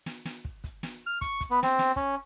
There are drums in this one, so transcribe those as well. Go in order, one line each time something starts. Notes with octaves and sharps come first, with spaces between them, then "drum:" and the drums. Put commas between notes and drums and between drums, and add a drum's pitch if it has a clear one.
drum: snare
drum: snare
drum: kick
drum: kick, hi-hat
drum: snare
F6
C#6, drum: kick, hi-hat
drum: kick, hi-hat
B3
C4, drum: snare
drum: snare
C#4, drum: kick, hi-hat